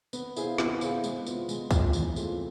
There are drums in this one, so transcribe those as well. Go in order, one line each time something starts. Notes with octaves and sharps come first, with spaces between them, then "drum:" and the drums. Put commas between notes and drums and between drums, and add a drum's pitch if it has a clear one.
B3, drum: tambourine
E4 G#4 C5 F5, drum: tambourine
B3, drum: snare
E4 G#4 C5 F5, drum: tambourine
G#3, drum: tambourine
B3 F4, drum: tambourine
G#3, drum: tambourine
B3 F4, drum: kick, tambourine
E3, drum: tambourine
A3 C4 F4 G#4, drum: tambourine